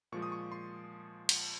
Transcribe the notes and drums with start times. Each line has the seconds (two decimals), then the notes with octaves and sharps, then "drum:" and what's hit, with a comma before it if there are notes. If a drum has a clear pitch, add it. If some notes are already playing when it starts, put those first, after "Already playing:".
0.12 A#2 F3 G#3 C#6
0.22 D#6
0.32 C#6
0.52 C6
1.29 drum: cymbal